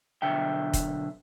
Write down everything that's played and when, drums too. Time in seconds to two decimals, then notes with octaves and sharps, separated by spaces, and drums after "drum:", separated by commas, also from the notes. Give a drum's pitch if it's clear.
0.22 B1 D3 E5 G5
0.73 drum: kick, hi-hat